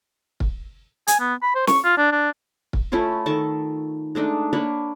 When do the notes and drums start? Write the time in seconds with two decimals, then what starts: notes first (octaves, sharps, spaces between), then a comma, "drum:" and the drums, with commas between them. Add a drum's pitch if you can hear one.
0.40 drum: kick
1.07 G#5, drum: hi-hat
1.20 B3
1.43 B5
1.55 C5
1.67 C#6, drum: snare
1.85 F4
1.98 D4
2.12 D4
2.73 drum: kick
2.92 A3 C#4 E4 F4
3.26 D#3 A4 A5 C#6
4.15 G#3 A3 D4 D#4
4.53 A#3 D4 C#5 B5